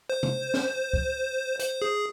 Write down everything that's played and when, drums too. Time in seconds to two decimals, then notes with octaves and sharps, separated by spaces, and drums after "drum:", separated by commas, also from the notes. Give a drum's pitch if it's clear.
0.10 C5
0.23 drum: tom C3
0.54 drum: snare
0.93 drum: kick C#2
1.60 C5, drum: hi-hat
1.82 G#4